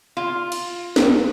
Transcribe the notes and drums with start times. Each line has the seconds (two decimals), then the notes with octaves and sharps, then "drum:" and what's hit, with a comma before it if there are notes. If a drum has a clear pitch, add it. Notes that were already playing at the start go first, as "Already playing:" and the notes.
0.17 F4
0.52 drum: cymbal
0.96 drum: snare